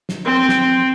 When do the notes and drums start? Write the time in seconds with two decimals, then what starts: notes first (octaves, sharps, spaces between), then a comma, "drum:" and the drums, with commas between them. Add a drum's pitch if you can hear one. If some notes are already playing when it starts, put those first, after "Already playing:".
0.09 drum: snare
0.25 C4
0.49 drum: snare